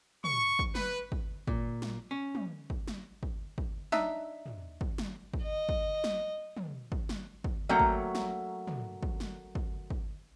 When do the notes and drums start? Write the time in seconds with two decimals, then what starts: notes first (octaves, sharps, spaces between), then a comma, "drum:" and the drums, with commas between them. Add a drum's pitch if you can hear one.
0.24 C#6, drum: tom
0.59 drum: kick
0.75 B4, drum: snare
1.12 drum: kick
1.48 A#2, drum: kick
1.82 drum: snare
2.11 C#4
2.35 drum: tom
2.70 drum: kick
2.88 drum: snare
3.23 drum: kick
3.58 drum: kick
3.92 D4 D#4 E5, drum: snare
4.46 drum: tom
4.81 drum: kick
4.98 drum: snare
5.34 drum: kick
5.43 D#5
5.69 drum: kick
6.04 drum: snare
6.57 drum: tom
6.92 drum: kick
7.09 drum: snare
7.44 drum: kick
7.69 F#3 A3 A#3 C#4 G5 A#5
7.80 drum: kick
8.15 drum: snare
8.67 drum: tom
9.03 drum: kick
9.20 drum: snare
9.55 drum: kick
9.90 drum: kick